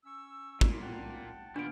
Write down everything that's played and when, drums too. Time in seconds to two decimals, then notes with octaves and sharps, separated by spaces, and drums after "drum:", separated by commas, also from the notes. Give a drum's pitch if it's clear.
0.04 C#4 C#6 E6
0.61 A#2, drum: kick
0.81 F#5 G5 A5
1.56 D#2 A#2 B3 D4 F4 D7